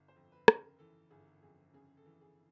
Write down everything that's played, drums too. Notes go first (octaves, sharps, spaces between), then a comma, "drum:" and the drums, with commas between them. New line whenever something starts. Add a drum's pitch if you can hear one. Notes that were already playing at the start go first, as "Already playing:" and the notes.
Already playing: G1
C5
F2
B4
C#3, drum: rim click
A#4
E3 A4
G1 G#4
F2 G#4
C#3 G#4
A4
E3
G#4